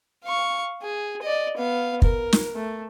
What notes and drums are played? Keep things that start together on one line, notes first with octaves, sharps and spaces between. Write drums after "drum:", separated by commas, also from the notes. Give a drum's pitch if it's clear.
F5 C#6
G#4
D5 D#5
B3 F5
A#4, drum: kick
drum: snare
A3